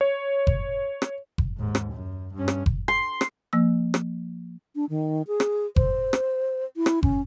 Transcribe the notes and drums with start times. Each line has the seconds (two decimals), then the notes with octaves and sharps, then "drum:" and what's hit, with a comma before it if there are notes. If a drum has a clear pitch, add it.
0.01 C#5
0.47 drum: kick F#1
1.02 drum: rim click
1.38 drum: kick F#1
1.56 D#2 G#2
1.75 drum: rim click
1.93 F#2
2.34 G2 C#4
2.48 drum: rim click
2.66 drum: kick F#1
2.88 C6
3.21 drum: rim click
3.53 F3 A#3 E6
3.94 drum: rim click
4.75 D4
4.90 D#3
5.27 G#4
5.40 drum: rim click
5.76 C5, drum: kick F#1
6.13 drum: rim click
6.77 E4
6.86 drum: rim click
7.03 C#4, drum: kick F#1